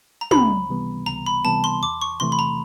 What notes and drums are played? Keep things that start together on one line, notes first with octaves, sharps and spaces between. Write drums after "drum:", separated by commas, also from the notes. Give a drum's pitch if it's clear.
A#5
C#2 B5, drum: tom
C3 E3 G3 B3
C#2 A#5
B5
C3 E3 G3 B3 A5
C6
E2 D6
C#6
C3 E3 A3 C6
B5
A#5